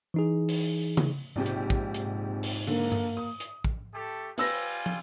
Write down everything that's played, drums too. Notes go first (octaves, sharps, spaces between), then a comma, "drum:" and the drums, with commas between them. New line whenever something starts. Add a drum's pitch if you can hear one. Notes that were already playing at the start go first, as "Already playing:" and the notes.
E3 D#4 G#4
drum: open hi-hat
drum: tom C#3
A#1 G#2 C3 G4
drum: hi-hat
drum: kick
drum: hi-hat
drum: open hi-hat
D3 A#3
drum: tom G2
D#6
drum: hi-hat
drum: kick
A3 G4 A4
G3 F4 B4 G#5 E6 A#6, drum: open hi-hat
drum: tom